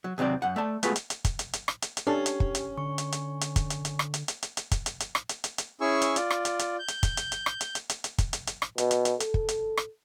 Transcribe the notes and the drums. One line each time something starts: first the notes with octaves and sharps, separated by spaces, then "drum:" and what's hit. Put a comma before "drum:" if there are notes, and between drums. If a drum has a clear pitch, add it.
F#3
D#2 C3 F#3 C4 D5
F#2 F#5
A3 D5 A5
G#3 A3 B3 F4 F#4 B4, drum: hi-hat
drum: hi-hat
drum: hi-hat
drum: kick, hi-hat
drum: hi-hat
drum: hi-hat
drum: rim click
drum: hi-hat
drum: hi-hat
C#4 D4 G4 A4 A5
drum: hi-hat
drum: kick
drum: hi-hat
D3 C#6
drum: hi-hat
drum: hi-hat
drum: hi-hat
drum: kick, hi-hat
drum: hi-hat
drum: hi-hat
drum: rim click
drum: hi-hat
drum: hi-hat
drum: hi-hat
drum: hi-hat
drum: kick, hi-hat
drum: hi-hat
drum: hi-hat
drum: rim click
drum: hi-hat
drum: hi-hat
drum: hi-hat
C#4 E4 G#4 G#5 C#6 E6
drum: hi-hat
F4 D5, drum: hi-hat
drum: rim click
drum: hi-hat
drum: hi-hat
G6
drum: hi-hat
drum: kick, hi-hat
drum: hi-hat
drum: hi-hat
drum: rim click
drum: hi-hat
drum: hi-hat
drum: hi-hat
drum: hi-hat
drum: kick, hi-hat
drum: hi-hat
drum: hi-hat
drum: rim click
B2, drum: hi-hat
drum: hi-hat
drum: hi-hat
A4, drum: hi-hat
drum: kick
drum: hi-hat
drum: rim click